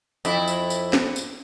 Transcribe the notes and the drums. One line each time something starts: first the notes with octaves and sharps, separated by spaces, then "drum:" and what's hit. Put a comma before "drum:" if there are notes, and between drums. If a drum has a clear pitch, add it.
F2 E4, drum: tambourine
drum: tambourine
drum: tambourine
drum: snare
drum: tambourine